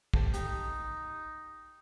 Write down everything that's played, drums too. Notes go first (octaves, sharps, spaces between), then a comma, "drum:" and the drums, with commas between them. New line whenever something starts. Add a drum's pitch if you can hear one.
G4 A4 C5, drum: kick
D#4 G4, drum: hi-hat